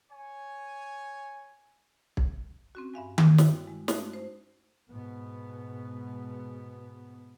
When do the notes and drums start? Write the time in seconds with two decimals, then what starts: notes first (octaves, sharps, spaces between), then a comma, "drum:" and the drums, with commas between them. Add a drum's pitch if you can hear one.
0.11 C#5 G#5
2.17 drum: kick
2.75 C4 C#4 F#4
2.94 G2 E5 F5 G#5
3.18 drum: tom D#3
3.38 G3 E4 F#4, drum: snare
3.67 G#3
3.88 A3 C#4 D#4 F#4, drum: snare
4.13 C5
4.90 G#2 B2 B3